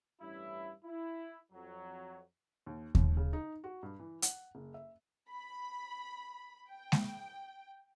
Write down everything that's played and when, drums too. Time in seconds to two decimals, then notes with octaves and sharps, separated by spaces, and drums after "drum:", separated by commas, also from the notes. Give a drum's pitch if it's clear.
0.21 A1 G2 C#4 E4
0.84 E4
1.52 F2 F#3
2.66 D#2
2.95 D#2, drum: kick D#2
3.17 C#3
3.33 D#4
3.64 F#4
3.83 G2
3.99 E3
4.22 F#5, drum: hi-hat
4.55 F#1
4.74 E5
5.29 B5
6.69 G5
6.92 drum: snare G#3